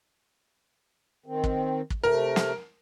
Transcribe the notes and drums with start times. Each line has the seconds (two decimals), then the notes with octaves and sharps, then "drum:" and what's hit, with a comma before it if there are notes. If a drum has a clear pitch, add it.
1.26 D#3 C4
1.44 drum: kick
1.90 drum: kick
2.04 C3 A3 A#4
2.36 drum: snare